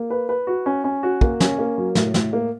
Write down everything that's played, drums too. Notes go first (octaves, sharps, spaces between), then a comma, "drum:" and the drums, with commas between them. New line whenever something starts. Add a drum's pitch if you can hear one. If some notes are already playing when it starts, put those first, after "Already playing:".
Already playing: A#3
B4
B4
F#4
C#4
C#4
F#4
A#3, drum: kick
C#4, drum: snare
A#3
F#3
A2, drum: snare
A2, drum: snare
A#3